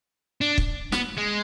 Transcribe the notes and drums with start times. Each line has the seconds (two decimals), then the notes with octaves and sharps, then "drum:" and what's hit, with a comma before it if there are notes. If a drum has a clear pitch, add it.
0.41 D4
0.58 drum: kick
0.92 B3, drum: snare
1.17 G#3